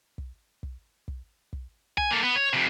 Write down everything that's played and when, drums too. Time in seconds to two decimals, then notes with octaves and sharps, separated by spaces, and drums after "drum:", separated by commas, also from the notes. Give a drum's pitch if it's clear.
0.18 drum: kick
0.63 drum: kick
1.08 drum: kick
1.53 drum: kick
1.98 G#5, drum: kick
2.11 A#3 A4
2.23 B3
2.36 C#5
2.53 F2 C3